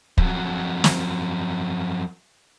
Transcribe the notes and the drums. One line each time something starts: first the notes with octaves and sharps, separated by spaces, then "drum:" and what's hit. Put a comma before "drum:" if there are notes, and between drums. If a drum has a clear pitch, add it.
F2 F#3, drum: kick
drum: snare